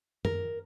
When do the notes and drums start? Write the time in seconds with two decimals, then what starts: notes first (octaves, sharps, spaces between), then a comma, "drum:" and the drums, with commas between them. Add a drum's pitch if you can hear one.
0.25 A#4, drum: tom F#2